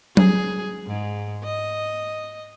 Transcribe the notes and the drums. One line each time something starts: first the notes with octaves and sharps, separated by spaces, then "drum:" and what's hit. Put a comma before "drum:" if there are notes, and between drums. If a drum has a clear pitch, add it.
G#4, drum: tom F#3
G#2
D#5